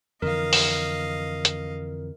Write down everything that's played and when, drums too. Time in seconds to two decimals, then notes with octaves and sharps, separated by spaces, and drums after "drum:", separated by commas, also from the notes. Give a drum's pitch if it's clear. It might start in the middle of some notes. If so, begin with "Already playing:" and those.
0.22 F2 D3 E3 A#4 D#5 F5
0.53 drum: open hi-hat
1.45 drum: hi-hat